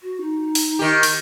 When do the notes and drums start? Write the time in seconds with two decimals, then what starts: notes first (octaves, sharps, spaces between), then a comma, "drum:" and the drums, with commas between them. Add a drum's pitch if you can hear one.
0.03 F#4
0.21 D#4
0.55 drum: open hi-hat
0.79 D#3 G4
1.03 drum: open hi-hat